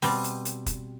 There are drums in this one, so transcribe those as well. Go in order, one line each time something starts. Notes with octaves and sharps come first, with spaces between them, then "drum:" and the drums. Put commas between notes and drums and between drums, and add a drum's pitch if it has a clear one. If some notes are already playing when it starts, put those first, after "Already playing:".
B2 G3 C4, drum: open hi-hat
drum: hi-hat
drum: hi-hat
drum: kick, hi-hat